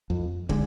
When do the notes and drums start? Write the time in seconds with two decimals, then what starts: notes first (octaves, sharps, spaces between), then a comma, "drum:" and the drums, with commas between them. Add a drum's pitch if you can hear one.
0.10 F2
0.49 D3 G#3, drum: kick